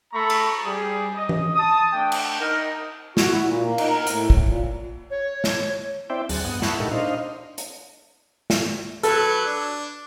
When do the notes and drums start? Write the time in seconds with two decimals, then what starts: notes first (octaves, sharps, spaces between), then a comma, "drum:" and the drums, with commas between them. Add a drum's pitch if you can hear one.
0.13 A3 A4 A#5 B5 C#6
0.30 drum: cymbal
0.64 G3 G#4
1.15 D#5
1.29 drum: tom E3
1.55 A5 D#6
1.92 A3 D4 G5
2.12 drum: cymbal
2.39 D#4 A#4
3.17 F#4, drum: snare
3.32 E4
3.45 A#2
3.64 A#3
3.78 D#4, drum: cymbal
3.90 A#4
4.07 A2, drum: hi-hat
4.30 A2, drum: kick
4.45 A#2
5.10 C#5
5.44 drum: snare
6.10 C4 E4 C5 D5 E5 G5
6.29 D2 F#3 G#4 F#6 A6, drum: open hi-hat
6.45 G2 B3 F#5 D#6
6.62 E5 F#5 A5 B5 C#6, drum: snare
6.80 A#2 D#4 E4 G4 A4 A#4
6.91 D4 D#4 C5 D#5 F5
7.58 drum: hi-hat
8.50 drum: snare
9.03 F#3 A4 B4, drum: hi-hat
9.46 D4